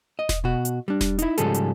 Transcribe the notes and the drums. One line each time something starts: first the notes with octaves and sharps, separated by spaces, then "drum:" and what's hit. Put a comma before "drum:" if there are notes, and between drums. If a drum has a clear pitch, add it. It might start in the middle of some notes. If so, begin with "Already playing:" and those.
D#5
drum: snare E1
B2 F#4
drum: hi-hat
G3 D4
drum: snare E1
D#4 E4, drum: hi-hat
G#2 C#3 F3 G3 G#4 A4, drum: hi-hat
drum: hi-hat